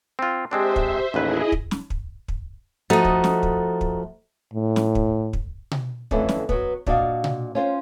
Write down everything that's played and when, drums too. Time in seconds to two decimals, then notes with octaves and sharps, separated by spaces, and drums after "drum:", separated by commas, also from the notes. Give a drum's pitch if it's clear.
0.19 C4 F4
0.51 G#3 C4 D4 G4 C5 E5
0.76 drum: kick
1.14 A1 D#2 D#4 E4 G#4 B4 D#5
1.52 drum: kick
1.71 drum: snare
1.90 drum: kick
2.28 drum: kick
2.90 F3 A3 D#4 F#4 D#5
3.05 drum: kick
3.24 drum: snare
3.43 drum: kick
3.81 drum: kick
4.54 A2
4.76 drum: snare
4.95 drum: kick
5.33 drum: kick
5.71 drum: tom B2
6.11 F2 D3 E3 A3 C#4 E4, drum: kick
6.29 drum: snare
6.49 F#3 B3, drum: kick
6.87 A#2 D4 F#4 D#5 F5, drum: kick
7.24 drum: tom B2
7.55 C#4 F4 C5